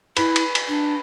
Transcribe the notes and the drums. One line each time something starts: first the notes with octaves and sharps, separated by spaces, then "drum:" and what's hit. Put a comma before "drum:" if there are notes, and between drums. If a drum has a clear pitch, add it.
E4 B4, drum: cymbal
drum: cymbal
drum: cymbal
D4